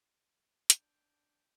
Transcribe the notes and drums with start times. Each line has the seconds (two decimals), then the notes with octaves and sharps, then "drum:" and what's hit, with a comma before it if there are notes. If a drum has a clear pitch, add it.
0.70 D4 G5, drum: hi-hat